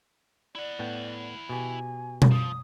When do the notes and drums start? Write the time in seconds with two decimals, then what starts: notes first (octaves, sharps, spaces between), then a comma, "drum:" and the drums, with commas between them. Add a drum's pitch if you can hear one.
0.55 E4 D5 F#5
0.79 A2 B3 G5
1.49 B2 G4 G#5
2.22 drum: tom B2
2.31 F3 D#6